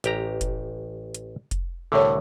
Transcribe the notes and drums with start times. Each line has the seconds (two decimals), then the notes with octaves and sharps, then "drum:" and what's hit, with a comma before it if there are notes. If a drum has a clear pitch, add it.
0.04 A1 G4 A#5, drum: hi-hat
0.41 drum: kick F1, hi-hat
1.15 drum: hi-hat
1.51 drum: kick F1, hi-hat
1.92 C2 A2 D3 A4 C#5